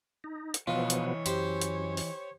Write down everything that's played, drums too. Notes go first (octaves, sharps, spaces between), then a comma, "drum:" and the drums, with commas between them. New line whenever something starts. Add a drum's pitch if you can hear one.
D#4
drum: hi-hat
B2 E3 F3 B3 F4 C#5 D#5
drum: hi-hat
F#2 G4 C5, drum: hi-hat
drum: hi-hat
drum: open hi-hat